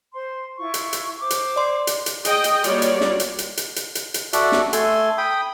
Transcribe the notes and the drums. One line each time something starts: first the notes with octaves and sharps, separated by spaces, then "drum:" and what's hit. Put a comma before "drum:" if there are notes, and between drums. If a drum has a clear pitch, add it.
C5 C6
E4 F4 C#6
drum: hi-hat
drum: hi-hat
C5 D6
drum: hi-hat
D5 C6
drum: hi-hat
drum: hi-hat
G#4 D#5 G5, drum: hi-hat
drum: hi-hat
G3 A#3 F4 F#4 C#5 D5, drum: hi-hat
drum: hi-hat
drum: snare
drum: hi-hat
drum: hi-hat
drum: hi-hat
drum: hi-hat
drum: hi-hat
drum: hi-hat
F#4 A4 D5 E5 F#5, drum: hi-hat
drum: snare
A3 A4 G#5 C6, drum: hi-hat
G5 B5 D#6